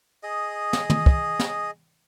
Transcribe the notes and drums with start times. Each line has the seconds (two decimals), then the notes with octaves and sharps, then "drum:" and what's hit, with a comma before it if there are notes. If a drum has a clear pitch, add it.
0.23 G#4 D#5
0.73 drum: snare
0.90 drum: tom
1.06 drum: kick
1.39 drum: snare